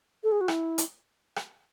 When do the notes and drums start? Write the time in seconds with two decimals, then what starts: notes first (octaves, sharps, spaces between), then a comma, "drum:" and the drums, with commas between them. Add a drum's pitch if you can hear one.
0.24 A4
0.32 G#4
0.41 F#4
0.48 E4, drum: rim click
0.78 drum: hi-hat
1.36 drum: rim click